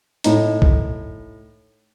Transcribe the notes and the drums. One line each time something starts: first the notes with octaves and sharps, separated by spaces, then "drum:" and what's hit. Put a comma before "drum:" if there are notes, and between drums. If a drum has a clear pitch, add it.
A2 D#4, drum: hi-hat
drum: kick C2